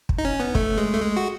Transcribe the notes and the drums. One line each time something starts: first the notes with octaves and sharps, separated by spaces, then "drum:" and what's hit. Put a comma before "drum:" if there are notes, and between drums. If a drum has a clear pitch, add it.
drum: kick
D#4
C#4
B3
A3, drum: kick
G#3
A3
G#3
F#4